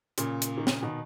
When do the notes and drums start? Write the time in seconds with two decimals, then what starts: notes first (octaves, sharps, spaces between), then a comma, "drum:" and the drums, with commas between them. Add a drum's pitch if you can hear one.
0.18 A#2 C#3, drum: hi-hat
0.42 drum: hi-hat
0.58 D#3
0.67 A#2 C#3, drum: snare
0.83 B2 D#3